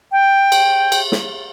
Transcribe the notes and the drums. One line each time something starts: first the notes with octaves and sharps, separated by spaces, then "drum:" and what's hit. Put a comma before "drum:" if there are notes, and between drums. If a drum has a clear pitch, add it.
G5
drum: cymbal
drum: cymbal
drum: snare